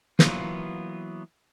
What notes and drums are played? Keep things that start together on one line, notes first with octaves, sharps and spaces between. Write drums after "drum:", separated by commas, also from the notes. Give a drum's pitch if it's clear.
E3 F#3 A#3 B3 F4, drum: snare